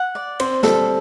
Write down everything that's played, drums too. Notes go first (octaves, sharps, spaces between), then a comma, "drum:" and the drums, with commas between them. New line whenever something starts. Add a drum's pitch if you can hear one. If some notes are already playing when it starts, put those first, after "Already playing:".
Already playing: F#5
D5
C4 C5, drum: cymbal
G3 A4, drum: snare